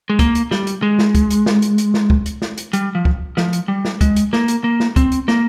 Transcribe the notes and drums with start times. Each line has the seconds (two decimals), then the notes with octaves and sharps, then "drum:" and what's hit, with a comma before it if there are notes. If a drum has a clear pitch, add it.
0.10 G#3
0.19 A#3, drum: kick, hi-hat
0.35 drum: hi-hat
0.51 G3, drum: snare
0.67 drum: hi-hat
0.82 G#3
0.99 drum: snare
1.15 drum: kick, hi-hat
1.30 drum: hi-hat
1.46 drum: snare
1.62 drum: hi-hat
1.78 drum: hi-hat
1.94 drum: snare
2.10 drum: kick
2.26 drum: hi-hat
2.42 drum: snare
2.58 drum: hi-hat
2.73 G3, drum: hi-hat
2.95 F3
3.05 drum: kick
3.37 F3, drum: snare
3.53 drum: hi-hat
3.68 G3
3.85 drum: snare
4.01 G#3, drum: kick, hi-hat
4.16 drum: hi-hat
4.33 A#3, drum: snare
4.48 drum: hi-hat
4.64 A#3
4.80 drum: snare
4.96 C4, drum: kick, hi-hat
5.12 drum: hi-hat
5.28 A#3, drum: snare